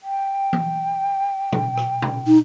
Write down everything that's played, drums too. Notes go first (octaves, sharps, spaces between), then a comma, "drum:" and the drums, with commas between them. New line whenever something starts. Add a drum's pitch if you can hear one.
G5
drum: tom E3
drum: tom A#2
drum: rim click
drum: tom A#2
D#4